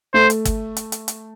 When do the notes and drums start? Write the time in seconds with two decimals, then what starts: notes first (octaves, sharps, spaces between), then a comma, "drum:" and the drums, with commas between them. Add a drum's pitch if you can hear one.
0.14 A3 C5
0.30 drum: hi-hat
0.45 drum: kick G1, hi-hat
0.77 drum: hi-hat
0.92 drum: hi-hat
1.08 drum: hi-hat